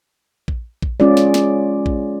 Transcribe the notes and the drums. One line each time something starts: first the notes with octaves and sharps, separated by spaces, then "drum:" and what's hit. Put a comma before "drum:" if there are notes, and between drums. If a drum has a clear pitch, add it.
drum: kick A#1
drum: kick A#1
G#3 C#4 F4 G#4 D5
drum: snare
drum: snare
drum: kick A#1